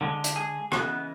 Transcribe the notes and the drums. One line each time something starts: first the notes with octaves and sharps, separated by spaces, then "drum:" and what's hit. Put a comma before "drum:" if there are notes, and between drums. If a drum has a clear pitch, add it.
D3 G#3
drum: hi-hat
G#4
C#3 E3 G#3 B3, drum: rim click